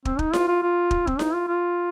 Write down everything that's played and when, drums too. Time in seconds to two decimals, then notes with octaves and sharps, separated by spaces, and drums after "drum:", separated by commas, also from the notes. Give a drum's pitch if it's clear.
0.05 C4, drum: kick
0.19 D#4, drum: kick
0.33 F4, drum: snare E4
0.48 F4
0.62 F4
0.91 drum: kick
1.07 C4, drum: kick
1.19 D#4, drum: snare E4
1.34 F4
1.47 F4